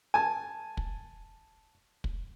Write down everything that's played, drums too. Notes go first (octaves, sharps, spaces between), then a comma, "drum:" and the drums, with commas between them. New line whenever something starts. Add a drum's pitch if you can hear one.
G#5 A5
drum: kick
drum: kick